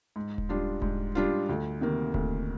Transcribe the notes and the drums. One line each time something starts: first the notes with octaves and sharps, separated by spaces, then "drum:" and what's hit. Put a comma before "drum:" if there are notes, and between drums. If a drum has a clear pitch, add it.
G#2
drum: kick D#1
G3 D4 F4
G#2, drum: kick D#1
G3 D4 F4
D2
C3 D#3 A#3
D2, drum: kick D#1